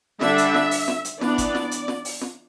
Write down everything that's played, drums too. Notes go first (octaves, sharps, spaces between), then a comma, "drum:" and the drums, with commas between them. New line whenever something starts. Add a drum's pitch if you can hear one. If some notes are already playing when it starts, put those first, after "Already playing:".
D3 G3 D4 E5, drum: snare
drum: hi-hat
drum: snare
drum: open hi-hat
drum: snare
drum: hi-hat
E3 B3 D4 D5, drum: snare
drum: kick G1, hi-hat
drum: snare
drum: hi-hat
drum: snare
drum: open hi-hat
drum: snare